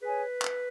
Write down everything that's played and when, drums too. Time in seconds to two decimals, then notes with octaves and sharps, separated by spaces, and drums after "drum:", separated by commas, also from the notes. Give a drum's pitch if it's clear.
0.03 G#4 B4 C#5 G#5
0.42 drum: clap